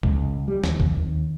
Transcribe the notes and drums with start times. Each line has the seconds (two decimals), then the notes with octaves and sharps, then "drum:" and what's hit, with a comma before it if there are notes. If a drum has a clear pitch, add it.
0.03 C#2, drum: kick
0.48 G3
0.64 D#2, drum: snare
0.80 F2, drum: kick
0.97 D#2